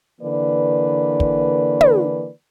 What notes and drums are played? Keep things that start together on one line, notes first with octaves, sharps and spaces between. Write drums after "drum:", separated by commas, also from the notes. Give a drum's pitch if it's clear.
D3 E3 A#3 B4 D5
drum: kick
drum: tom